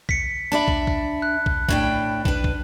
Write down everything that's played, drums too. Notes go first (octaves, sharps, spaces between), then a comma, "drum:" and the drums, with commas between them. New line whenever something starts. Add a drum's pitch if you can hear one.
B6 C#7, drum: kick
D4 D5 E5 A5 B5
drum: kick
drum: kick
F#6
drum: kick
A2 D4 G5, drum: kick
D4 B4, drum: kick
drum: kick